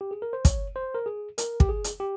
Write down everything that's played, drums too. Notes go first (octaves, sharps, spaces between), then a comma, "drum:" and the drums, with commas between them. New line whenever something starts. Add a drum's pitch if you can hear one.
G4
G#4
A#4
C5
C#5, drum: kick, hi-hat
C5
A#4
G#4
A#4, drum: hi-hat
G4, drum: kick
G#4
drum: hi-hat
G4